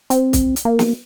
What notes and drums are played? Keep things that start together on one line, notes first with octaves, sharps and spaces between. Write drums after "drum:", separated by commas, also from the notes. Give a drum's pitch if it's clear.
C4, drum: hi-hat
drum: kick, hi-hat
drum: hi-hat
A#3
drum: snare